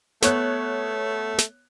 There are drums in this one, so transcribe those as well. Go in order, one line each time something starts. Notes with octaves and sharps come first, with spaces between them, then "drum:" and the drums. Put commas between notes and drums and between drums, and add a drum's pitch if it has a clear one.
A3 B3 C#5 F#6, drum: snare
drum: snare